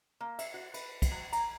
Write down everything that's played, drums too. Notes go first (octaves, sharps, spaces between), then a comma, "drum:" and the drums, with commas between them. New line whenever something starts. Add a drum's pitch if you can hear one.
A#3
E5, drum: cymbal
F#4
B4, drum: cymbal
drum: kick, cymbal
F#3
A#5, drum: cymbal